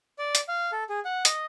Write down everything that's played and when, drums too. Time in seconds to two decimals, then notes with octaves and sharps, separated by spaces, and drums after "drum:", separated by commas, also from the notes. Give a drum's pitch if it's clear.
0.18 D5
0.35 drum: hi-hat
0.48 F5
0.72 A4
0.89 G#4
1.05 F#5
1.25 D#5, drum: hi-hat